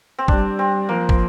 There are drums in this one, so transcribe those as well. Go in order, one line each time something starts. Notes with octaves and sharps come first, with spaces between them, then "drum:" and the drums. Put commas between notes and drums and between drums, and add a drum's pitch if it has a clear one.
C4
G3 D4, drum: kick
C4
F3 A#3
drum: kick